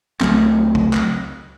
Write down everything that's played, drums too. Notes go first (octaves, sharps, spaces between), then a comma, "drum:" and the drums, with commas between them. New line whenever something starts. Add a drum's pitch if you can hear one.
C#2 F#3 A3 C4, drum: clap
drum: kick
drum: clap